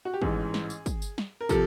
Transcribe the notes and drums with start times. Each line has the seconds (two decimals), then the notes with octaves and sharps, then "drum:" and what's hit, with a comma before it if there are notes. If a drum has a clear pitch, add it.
0.05 F#4
0.14 G4
0.22 A1 G#2 E3 G#4, drum: kick
0.54 drum: snare
0.70 drum: tambourine
0.86 drum: kick, tambourine
1.02 drum: tambourine
1.18 drum: snare
1.41 A#4
1.49 C3 F3 A4, drum: kick, tambourine